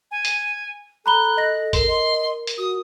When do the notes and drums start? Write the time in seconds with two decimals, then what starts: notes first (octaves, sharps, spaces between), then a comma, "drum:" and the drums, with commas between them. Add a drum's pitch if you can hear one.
0.11 G#5
0.25 drum: hi-hat
1.06 A4 A#5 B5 F#6 G7
1.37 D#5 A#6
1.73 A#4 C6, drum: kick, hi-hat
1.87 D#5
2.47 drum: hi-hat
2.58 F#4 D#6